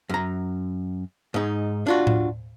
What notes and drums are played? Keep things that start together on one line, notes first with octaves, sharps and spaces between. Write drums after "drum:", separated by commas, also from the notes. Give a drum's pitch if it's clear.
F#2 A#5
G#2 D#4
D4 F4 F#4
drum: tom A2